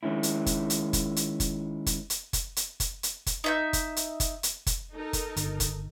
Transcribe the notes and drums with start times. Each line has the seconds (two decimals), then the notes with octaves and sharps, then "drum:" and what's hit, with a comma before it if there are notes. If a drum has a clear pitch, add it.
0.03 D#3 G#3 C#4 E4
0.23 drum: hi-hat
0.46 drum: kick, hi-hat
0.70 drum: hi-hat
0.93 drum: kick, hi-hat
1.16 drum: hi-hat
1.40 drum: kick, hi-hat
1.86 drum: kick, hi-hat
2.10 drum: hi-hat
2.33 drum: kick, hi-hat
2.56 drum: hi-hat
2.80 drum: kick, hi-hat
3.03 drum: hi-hat
3.26 drum: kick, hi-hat
3.44 D#4 E5 G6
3.73 drum: kick, hi-hat
3.96 drum: hi-hat
4.20 drum: kick, hi-hat
4.43 drum: hi-hat
4.66 drum: kick, hi-hat
4.94 D#4 A4 A#4
5.13 drum: kick, hi-hat
5.37 G1, drum: hi-hat
5.60 drum: kick, hi-hat